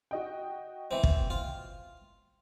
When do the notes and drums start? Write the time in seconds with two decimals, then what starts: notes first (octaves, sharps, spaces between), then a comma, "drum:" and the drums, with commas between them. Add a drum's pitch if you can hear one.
0.11 F#4 D#5 G5
0.91 E3 C4
1.03 drum: kick
1.30 F4